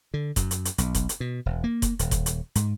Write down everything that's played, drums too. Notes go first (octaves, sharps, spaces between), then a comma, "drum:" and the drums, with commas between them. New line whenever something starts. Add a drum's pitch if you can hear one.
D3
F#2, drum: kick F1, hi-hat
drum: hi-hat
drum: hi-hat
B1, drum: hi-hat
drum: kick F1, hi-hat
drum: hi-hat
B2
E1
A#3
drum: kick F1, hi-hat
D#1, drum: hi-hat
drum: kick F1, hi-hat
drum: hi-hat
G#2, drum: hi-hat